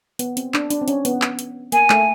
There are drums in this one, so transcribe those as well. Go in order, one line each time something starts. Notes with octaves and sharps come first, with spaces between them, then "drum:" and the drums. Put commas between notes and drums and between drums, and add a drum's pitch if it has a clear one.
B3, drum: hi-hat
C4, drum: hi-hat
D4, drum: clap
D4, drum: hi-hat
C4
C#4, drum: hi-hat
B3, drum: hi-hat
drum: clap
drum: hi-hat
A#3 G#5, drum: hi-hat
A3, drum: clap